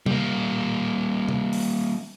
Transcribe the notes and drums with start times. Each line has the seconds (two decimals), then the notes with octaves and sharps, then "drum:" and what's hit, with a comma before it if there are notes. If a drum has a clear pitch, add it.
0.06 G3 A#3, drum: tom C3
1.29 drum: tom C3
1.53 drum: open hi-hat